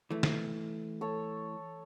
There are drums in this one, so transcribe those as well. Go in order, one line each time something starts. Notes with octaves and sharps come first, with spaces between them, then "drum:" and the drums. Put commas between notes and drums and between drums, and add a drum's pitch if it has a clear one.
E3 A3
drum: snare
A4 C#5